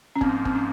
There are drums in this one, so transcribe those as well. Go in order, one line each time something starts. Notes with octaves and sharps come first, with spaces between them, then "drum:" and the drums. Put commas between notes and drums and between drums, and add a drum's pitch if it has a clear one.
C#4
G#2 F3 A#3 C4, drum: kick
C4, drum: kick
C#4